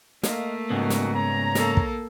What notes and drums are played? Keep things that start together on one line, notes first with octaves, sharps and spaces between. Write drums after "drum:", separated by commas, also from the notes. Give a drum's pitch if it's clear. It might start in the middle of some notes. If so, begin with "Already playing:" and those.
A3 A#3 A#4 D#5 F5, drum: snare
G#2 C#3 B3 D#4 F#4
drum: snare
C#5 A#5
A#3 A4, drum: snare
drum: kick